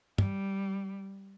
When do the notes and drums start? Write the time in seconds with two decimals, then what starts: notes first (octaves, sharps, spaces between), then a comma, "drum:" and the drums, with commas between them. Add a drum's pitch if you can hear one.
0.18 G3, drum: tom